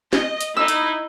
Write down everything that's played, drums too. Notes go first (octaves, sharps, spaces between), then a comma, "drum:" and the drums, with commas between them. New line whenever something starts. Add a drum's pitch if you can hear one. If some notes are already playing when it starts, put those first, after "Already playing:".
D#5, drum: snare
drum: hi-hat
D#4 E4 E6
drum: hi-hat